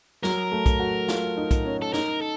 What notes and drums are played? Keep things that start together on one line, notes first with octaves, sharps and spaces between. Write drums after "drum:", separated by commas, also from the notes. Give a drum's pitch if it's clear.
F#3 A#4, drum: snare
A3
drum: kick B1, hi-hat
F#4
F4, drum: snare
D#4
drum: kick B1, hi-hat
C#4
A4
D#4 A#4, drum: snare
A4